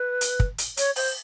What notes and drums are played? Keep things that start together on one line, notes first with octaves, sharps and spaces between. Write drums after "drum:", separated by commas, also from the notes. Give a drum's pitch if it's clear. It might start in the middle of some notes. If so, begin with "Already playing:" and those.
Already playing: B4
drum: hi-hat
drum: kick
drum: hi-hat
C#5, drum: hi-hat
C5, drum: open hi-hat